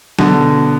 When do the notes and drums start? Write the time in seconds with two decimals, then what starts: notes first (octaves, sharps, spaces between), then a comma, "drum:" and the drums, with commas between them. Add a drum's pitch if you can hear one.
0.19 B2 D3, drum: snare